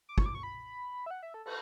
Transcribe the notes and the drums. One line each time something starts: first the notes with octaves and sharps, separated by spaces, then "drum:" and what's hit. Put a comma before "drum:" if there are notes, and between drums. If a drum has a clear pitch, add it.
D6
C#6, drum: kick
D6
C#6
B5
E5
F#5
E5
A4
A4, drum: cymbal